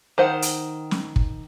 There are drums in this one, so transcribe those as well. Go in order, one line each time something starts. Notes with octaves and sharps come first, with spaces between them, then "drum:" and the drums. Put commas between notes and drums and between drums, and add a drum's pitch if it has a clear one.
D#3 C5 F#5
drum: hi-hat
drum: snare
drum: kick